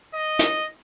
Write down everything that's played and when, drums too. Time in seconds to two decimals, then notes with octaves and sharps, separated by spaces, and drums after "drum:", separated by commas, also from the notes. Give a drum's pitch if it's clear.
0.14 D#5
0.39 drum: hi-hat